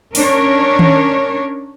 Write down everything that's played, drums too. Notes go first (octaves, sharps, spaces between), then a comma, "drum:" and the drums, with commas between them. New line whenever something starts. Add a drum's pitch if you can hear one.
C#4 D4 A#4 C#5, drum: open hi-hat
drum: tom D#3